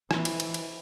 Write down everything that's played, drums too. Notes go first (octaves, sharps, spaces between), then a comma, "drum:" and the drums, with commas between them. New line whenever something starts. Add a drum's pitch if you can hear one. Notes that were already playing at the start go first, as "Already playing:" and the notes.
E3, drum: rim click
drum: cymbal
drum: cymbal
drum: cymbal